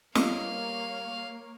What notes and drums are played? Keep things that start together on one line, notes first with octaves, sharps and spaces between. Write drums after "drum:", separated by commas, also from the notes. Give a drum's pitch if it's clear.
G3 A#3 A#4 C#5 D#5 F5, drum: snare